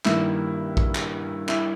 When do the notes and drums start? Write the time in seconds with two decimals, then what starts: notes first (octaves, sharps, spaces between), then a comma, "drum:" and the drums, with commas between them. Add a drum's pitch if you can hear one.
0.05 G2 D#3 G3 A#3 E4, drum: clap
0.77 drum: kick A#1
0.95 drum: clap
1.49 E4, drum: clap